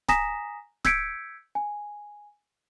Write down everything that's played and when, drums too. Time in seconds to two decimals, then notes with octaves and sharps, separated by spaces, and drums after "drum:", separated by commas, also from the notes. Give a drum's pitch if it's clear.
0.09 G#5 A#5 D#6 A#6 B6 E7, drum: snare D1
0.85 E6 G6 G#6 B6 C#7 D7, drum: snare D1
1.55 G#5